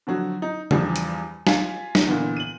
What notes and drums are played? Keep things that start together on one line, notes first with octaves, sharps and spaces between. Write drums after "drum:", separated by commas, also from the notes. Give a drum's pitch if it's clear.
D3 F3 F#3 F#4
D#4
E2 G2 F3 G3, drum: tom C#3
drum: hi-hat
F4 G#5 B6, drum: snare
drum: snare
A#2 D3 E3 B3
D#7 F#7